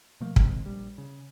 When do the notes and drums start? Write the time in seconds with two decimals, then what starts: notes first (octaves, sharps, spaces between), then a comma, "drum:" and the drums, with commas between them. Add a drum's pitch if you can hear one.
0.21 B2 F3 A3 A#3
0.36 C3 D#3 F3 G#3, drum: kick
0.63 A#1 G3
0.98 C#3